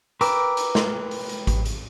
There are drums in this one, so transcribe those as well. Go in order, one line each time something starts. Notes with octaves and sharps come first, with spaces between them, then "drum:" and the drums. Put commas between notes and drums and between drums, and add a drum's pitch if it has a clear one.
A#4 B4 G5 D6 E6, drum: hi-hat
drum: hi-hat
drum: snare
drum: open hi-hat
drum: hi-hat
drum: kick A1, hi-hat
drum: hi-hat